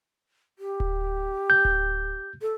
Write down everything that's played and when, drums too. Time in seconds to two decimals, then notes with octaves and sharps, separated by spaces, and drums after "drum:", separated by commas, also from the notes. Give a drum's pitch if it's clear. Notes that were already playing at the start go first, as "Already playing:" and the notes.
0.59 G4
0.80 drum: kick D1
1.50 G6
1.65 drum: kick D1
2.42 A4